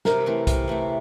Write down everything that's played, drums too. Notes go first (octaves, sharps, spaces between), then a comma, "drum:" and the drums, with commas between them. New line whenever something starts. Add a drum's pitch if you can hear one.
C3 A#4, drum: snare
E3 A3 C4
C3, drum: kick, hi-hat
E3 A3 C4